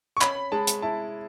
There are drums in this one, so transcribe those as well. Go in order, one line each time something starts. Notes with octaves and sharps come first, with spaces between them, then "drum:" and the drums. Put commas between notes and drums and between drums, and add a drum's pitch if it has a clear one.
C#6
C#4 B5, drum: clap
G#3 A5
drum: hi-hat
E4 A5